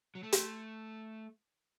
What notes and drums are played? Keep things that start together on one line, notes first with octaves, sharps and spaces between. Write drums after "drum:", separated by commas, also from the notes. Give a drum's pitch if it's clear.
F#3
A3
drum: hi-hat